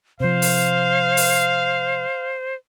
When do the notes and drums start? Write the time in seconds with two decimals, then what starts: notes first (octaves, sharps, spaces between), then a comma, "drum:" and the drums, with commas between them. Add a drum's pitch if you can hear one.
0.20 C3 F3 C5 F5
0.42 drum: open hi-hat
1.17 drum: open hi-hat